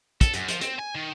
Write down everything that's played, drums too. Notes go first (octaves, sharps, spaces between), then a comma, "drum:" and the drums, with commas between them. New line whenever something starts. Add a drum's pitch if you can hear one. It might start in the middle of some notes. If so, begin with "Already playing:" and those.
A4, drum: kick, hi-hat
F#2, drum: hi-hat
F3, drum: hi-hat
C4, drum: hi-hat
G#5
D#3